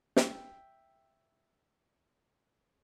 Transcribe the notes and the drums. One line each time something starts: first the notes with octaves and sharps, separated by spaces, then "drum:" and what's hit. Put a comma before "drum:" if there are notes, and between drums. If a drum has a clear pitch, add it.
E5 G5, drum: snare